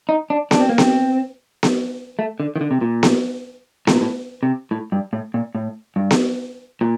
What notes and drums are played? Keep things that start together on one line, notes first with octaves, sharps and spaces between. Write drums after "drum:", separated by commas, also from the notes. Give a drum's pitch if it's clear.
D#4
D4
D4, drum: snare B3
C4
A#3
C4, drum: snare B3
drum: snare B3
A3
D3
D#3
D3
C3
A#2
drum: snare B3
A2, drum: snare B3
A#2
A2
C3
A2
G2
A2
A#2
A2
G2
drum: snare B3
A#2